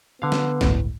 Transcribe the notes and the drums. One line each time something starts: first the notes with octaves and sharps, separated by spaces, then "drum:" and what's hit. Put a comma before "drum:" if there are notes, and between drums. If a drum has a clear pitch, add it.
D3 B3 F5
drum: snare
G1 C#2 A2, drum: snare